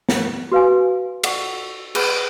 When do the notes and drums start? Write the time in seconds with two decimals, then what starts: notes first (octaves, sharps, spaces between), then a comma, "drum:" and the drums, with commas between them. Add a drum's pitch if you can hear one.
0.09 drum: snare
0.52 F#4 B4 F5 G#5
1.24 A4 D5 F#5 C#6, drum: cymbal
1.95 G#4 B4 F#5 B5, drum: cymbal